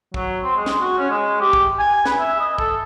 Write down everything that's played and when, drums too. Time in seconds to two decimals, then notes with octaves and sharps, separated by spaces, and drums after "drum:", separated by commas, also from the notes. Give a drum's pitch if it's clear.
0.14 F#3, drum: kick
0.43 C4
0.56 G#3
0.66 drum: snare
0.81 F#4
0.98 C#4
1.10 G#3
1.41 G4
1.53 drum: kick
1.79 G#5
2.06 B4, drum: snare
2.19 E5
2.40 D#5
2.58 A4, drum: kick